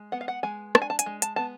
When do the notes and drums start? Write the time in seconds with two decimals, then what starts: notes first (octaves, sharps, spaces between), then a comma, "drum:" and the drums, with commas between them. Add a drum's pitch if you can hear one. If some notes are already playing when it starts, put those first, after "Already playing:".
Already playing: G#3
0.12 B3 F#5
0.21 F5
0.28 F#5
0.43 G#3 G#5
0.75 D4 A5, drum: rim click
0.82 G#5
0.90 A5
0.99 G#5, drum: hi-hat
1.06 G#3
1.22 A5, drum: hi-hat
1.36 B3 A5